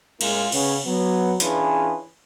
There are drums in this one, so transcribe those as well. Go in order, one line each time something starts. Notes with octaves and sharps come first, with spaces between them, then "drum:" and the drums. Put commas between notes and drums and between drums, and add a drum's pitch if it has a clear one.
A2 G#3 A#3 C#4 F4 G#4, drum: cymbal
C#3 B3 C#4, drum: cymbal
F#3 B3
E3 C#4 D4 F4 G#4 B4, drum: hi-hat